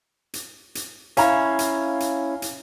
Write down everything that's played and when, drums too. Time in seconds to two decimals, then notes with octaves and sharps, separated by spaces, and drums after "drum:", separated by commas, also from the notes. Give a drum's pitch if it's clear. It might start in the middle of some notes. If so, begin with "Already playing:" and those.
0.34 drum: hi-hat
0.75 drum: hi-hat
1.17 C#4 E4 C#5 F5 G#5 A#5, drum: hi-hat
1.59 drum: hi-hat
2.00 drum: hi-hat
2.42 drum: hi-hat